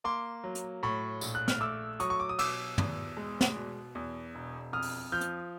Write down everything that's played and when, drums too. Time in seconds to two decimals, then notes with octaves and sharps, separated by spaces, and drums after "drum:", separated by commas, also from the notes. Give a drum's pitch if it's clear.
0.04 A#3 C6 D6
0.44 F#3
0.55 drum: hi-hat
0.83 A2 B5 C#6
1.21 A#1, drum: tambourine
1.35 F#6
1.48 F6, drum: snare
1.60 A3 D6 E6
2.00 F#3 C#6 D#6, drum: hi-hat
2.10 C#6
2.20 D6
2.29 D#6
2.39 B2 D6 E6, drum: cymbal
2.78 E2, drum: tom
3.17 G#3
3.41 drum: snare
3.56 B2
3.95 E2
4.35 E1
4.73 F2 D#6 F6
4.82 drum: open hi-hat
5.12 F3 F6 G6
5.21 drum: hi-hat